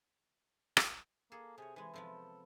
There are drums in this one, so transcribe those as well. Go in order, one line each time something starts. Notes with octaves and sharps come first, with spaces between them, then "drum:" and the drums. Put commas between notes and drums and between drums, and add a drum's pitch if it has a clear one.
drum: rim click
A#3 G#4 A4
C3 G#4 C#5
E3 G#3 G#5
C3 F3 B3 A4